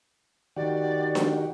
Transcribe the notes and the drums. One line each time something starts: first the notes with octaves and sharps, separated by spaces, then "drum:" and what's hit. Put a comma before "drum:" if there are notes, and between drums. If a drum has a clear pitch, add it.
D#3 F#4 G4 D5
drum: snare D4